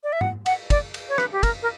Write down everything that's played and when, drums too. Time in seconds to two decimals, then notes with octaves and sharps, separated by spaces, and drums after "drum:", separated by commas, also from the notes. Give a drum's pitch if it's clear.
0.04 D5
0.13 E5
0.21 F#5, drum: tom G#2
0.46 F#5, drum: cymbal
0.70 D5, drum: kick, cymbal
0.94 drum: cymbal
1.09 C#5
1.18 B4, drum: rim click
1.32 G4
1.43 A#4, drum: kick, cymbal
1.62 A#4